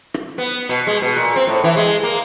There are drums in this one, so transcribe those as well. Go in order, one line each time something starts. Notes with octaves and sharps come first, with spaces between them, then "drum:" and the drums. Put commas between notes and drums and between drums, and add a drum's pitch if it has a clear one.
drum: rim click
B3
B2, drum: hi-hat
G#3
B2
A#2
C4
A2
E3
G#3, drum: hi-hat
A#3